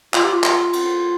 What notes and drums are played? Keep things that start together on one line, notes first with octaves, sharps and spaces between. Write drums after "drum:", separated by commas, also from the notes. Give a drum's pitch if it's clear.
F4, drum: clap
G4
F4
drum: clap
drum: cymbal